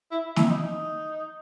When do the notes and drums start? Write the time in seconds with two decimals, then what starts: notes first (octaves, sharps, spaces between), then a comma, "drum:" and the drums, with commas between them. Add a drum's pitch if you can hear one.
0.11 E4
0.36 E4, drum: snare
0.49 D#4
0.61 D#4